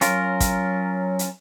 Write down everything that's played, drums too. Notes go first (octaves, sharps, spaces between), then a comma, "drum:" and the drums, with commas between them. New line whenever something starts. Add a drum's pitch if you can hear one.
F#3 C#4 F4 A#4, drum: hi-hat
drum: kick, hi-hat
drum: hi-hat